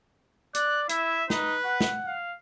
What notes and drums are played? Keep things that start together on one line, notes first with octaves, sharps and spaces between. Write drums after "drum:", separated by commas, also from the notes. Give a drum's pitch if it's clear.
D5 F#6, drum: hi-hat
E4 E5, drum: hi-hat
D#4 B4, drum: snare
F#5
drum: snare
F5